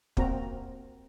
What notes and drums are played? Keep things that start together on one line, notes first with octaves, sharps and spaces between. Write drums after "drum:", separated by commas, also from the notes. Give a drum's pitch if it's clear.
A#3 C4 F#4 A#4 A#5, drum: kick